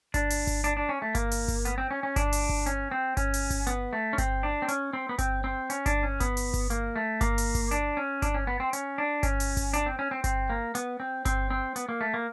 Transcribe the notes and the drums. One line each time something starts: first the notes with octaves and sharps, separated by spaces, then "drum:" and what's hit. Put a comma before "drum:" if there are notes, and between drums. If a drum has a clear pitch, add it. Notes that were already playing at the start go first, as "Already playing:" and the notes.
D4, drum: kick G1, hi-hat
drum: open hi-hat
drum: kick G1, hi-hat
D4, drum: hi-hat
D4
C#4
A3
A#3, drum: kick G1, hi-hat
drum: open hi-hat
drum: kick G1, hi-hat
B3, drum: hi-hat
C4
C#4
C#4
D4, drum: kick G1, hi-hat
drum: open hi-hat
drum: kick G1
C#4, drum: hi-hat
C4
C#4, drum: kick G1, hi-hat
drum: open hi-hat
drum: kick G1, hi-hat
B3, drum: hi-hat
A3
C#4
C4, drum: kick G1, hi-hat
D4
C4
C#4, drum: hi-hat
C4
B3
C4, drum: kick G1, hi-hat
C4
C#4, drum: hi-hat
D4, drum: kick G1, hi-hat
C#4
B3, drum: kick G1, hi-hat
drum: open hi-hat
drum: kick G1, hi-hat
A#3, drum: hi-hat
A3
A#3, drum: kick G1, hi-hat
drum: open hi-hat
drum: kick G1, hi-hat
D4, drum: hi-hat
C#4
D4, drum: kick G1, hi-hat
C#4
B3
C4
C#4, drum: hi-hat
D4
C#4, drum: kick G1, hi-hat
drum: open hi-hat
drum: kick G1, hi-hat
D4, drum: hi-hat
C4
C#4
C4
C4, drum: kick G1, hi-hat
A#3
B3, drum: hi-hat
C4
C4, drum: kick G1, hi-hat
C4
B3, drum: hi-hat
A#3
A3
A#3